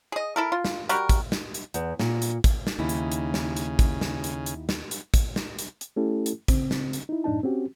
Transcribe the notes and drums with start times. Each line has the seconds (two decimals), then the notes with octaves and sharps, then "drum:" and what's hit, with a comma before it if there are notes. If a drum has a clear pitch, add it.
0.12 G#4 D#5
0.36 E4 A4 A#4
0.52 F4
0.65 drum: snare
0.89 G3 F#4 G4 A#4, drum: hi-hat
1.09 drum: kick, hi-hat
1.32 drum: snare
1.54 drum: hi-hat
1.74 E2, drum: hi-hat
1.99 A#2, drum: snare
2.22 drum: hi-hat
2.44 drum: kick, hi-hat
2.67 drum: snare
2.79 D#2 C#3 D#4 E4
2.89 drum: hi-hat
3.12 drum: hi-hat
3.34 drum: snare
3.56 drum: hi-hat
3.79 drum: kick, hi-hat
4.01 drum: snare
4.24 drum: hi-hat
4.46 drum: hi-hat
4.69 drum: snare
4.91 drum: hi-hat
5.14 drum: kick, hi-hat
5.36 drum: snare
5.59 drum: hi-hat
5.81 drum: hi-hat
5.96 A3 C#4 E4 G4 A4
6.26 drum: hi-hat
6.48 C#3 C4, drum: kick, hi-hat
6.71 drum: snare
6.93 drum: hi-hat
7.09 D#4 E4
7.24 F#2 A2 D4 D#4 A5
7.43 C4 C#4 F#4 G4